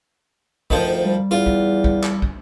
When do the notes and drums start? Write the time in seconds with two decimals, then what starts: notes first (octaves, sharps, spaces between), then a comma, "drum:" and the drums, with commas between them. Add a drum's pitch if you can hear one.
0.70 D2 D#3 F3, drum: kick
1.04 G3
1.31 E2 F4
1.46 drum: kick
1.84 drum: kick
2.03 drum: clap
2.22 drum: kick